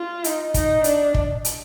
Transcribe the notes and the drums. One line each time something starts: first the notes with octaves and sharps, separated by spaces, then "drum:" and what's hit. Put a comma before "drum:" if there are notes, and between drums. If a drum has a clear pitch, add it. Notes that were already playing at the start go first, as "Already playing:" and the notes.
Already playing: F4
D#4, drum: hi-hat
D#4, drum: kick, hi-hat
D4, drum: hi-hat
drum: kick
drum: hi-hat